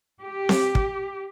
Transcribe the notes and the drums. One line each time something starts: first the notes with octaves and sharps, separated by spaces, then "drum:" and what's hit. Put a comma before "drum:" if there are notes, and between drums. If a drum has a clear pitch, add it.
G4
drum: snare C4
drum: kick